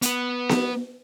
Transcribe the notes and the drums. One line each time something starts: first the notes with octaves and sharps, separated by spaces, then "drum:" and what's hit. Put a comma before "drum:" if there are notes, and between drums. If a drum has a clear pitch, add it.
B3 B4, drum: hi-hat
drum: snare B3